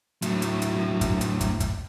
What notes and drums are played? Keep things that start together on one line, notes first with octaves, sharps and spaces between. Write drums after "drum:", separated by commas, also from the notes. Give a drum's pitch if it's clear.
A2 F#3, drum: hi-hat
drum: hi-hat
drum: hi-hat
drum: kick, hi-hat
drum: hi-hat
drum: kick, hi-hat
drum: kick, hi-hat